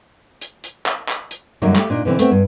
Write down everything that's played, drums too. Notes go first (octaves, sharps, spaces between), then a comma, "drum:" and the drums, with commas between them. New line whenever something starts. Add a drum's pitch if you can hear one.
drum: hi-hat
drum: hi-hat
drum: clap
drum: clap
drum: hi-hat
F#2 D3 F#3 G3 A#3 D#4
A3 G4, drum: clap
A#2 D4 D#4
B2 D3 E3 C4
A3 B3 C4, drum: hi-hat
G2